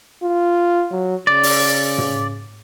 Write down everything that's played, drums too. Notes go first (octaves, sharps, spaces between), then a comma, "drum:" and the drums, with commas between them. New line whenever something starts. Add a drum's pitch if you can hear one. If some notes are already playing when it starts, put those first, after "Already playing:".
F4
F#3
C#3 D5
drum: open hi-hat
drum: tom